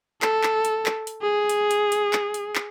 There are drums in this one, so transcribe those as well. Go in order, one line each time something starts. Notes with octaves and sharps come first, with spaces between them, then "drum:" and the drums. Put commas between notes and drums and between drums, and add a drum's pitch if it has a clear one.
A4, drum: clap
drum: clap
drum: hi-hat
drum: clap
drum: hi-hat
G#4
drum: hi-hat
drum: hi-hat
drum: hi-hat
drum: clap
drum: hi-hat
drum: clap